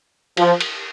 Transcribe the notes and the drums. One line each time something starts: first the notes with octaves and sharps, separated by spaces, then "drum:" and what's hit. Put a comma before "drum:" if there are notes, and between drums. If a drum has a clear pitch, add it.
F3, drum: cymbal
drum: cymbal